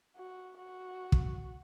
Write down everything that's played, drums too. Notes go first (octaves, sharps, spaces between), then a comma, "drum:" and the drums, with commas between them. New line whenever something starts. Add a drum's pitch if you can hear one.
F#4
F#4
drum: kick